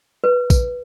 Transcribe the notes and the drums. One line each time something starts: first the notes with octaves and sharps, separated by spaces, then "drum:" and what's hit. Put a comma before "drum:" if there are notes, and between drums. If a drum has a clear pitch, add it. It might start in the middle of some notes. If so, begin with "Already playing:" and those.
B4
drum: kick A#1, tambourine